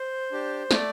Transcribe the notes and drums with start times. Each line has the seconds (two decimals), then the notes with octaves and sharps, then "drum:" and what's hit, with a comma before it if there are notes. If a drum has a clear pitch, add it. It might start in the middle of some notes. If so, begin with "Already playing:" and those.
Already playing: C5
0.32 D4 G4
0.71 A3 D5, drum: snare